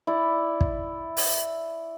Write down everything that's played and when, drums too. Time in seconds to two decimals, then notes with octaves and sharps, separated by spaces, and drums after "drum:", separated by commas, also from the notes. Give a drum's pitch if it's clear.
0.07 E4 D5
0.61 drum: kick
1.17 drum: open hi-hat